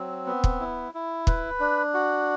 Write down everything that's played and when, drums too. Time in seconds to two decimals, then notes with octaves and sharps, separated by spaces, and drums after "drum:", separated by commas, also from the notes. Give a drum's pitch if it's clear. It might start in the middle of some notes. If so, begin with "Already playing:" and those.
Already playing: F#3 C4
0.26 B3
0.44 drum: kick
0.60 E4
0.94 E4
1.27 B4, drum: kick
1.60 D4
1.94 F#4